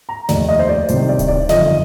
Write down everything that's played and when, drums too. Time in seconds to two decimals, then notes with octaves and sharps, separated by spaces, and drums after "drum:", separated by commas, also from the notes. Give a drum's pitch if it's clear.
0.09 A#5
0.29 F1 D#2 D#3 D5, drum: snare
0.49 D#5
0.59 C5
0.69 D5
0.89 C2 C3 D#3 C5, drum: hi-hat
1.09 D5
1.19 drum: kick D1, hi-hat
1.28 D5
1.49 G1 F2 D#3 D#5, drum: snare